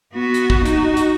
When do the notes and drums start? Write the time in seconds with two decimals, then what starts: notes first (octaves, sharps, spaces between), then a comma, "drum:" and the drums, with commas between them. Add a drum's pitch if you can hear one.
0.13 B3 F#4
0.34 drum: hi-hat
0.50 drum: kick
0.65 D#4 F#4, drum: hi-hat
0.97 drum: hi-hat